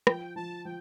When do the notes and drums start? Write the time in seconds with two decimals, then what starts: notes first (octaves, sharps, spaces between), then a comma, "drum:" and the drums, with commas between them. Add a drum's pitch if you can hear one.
0.07 F3 G5, drum: rim click
0.36 F3 A5
0.65 F3 G5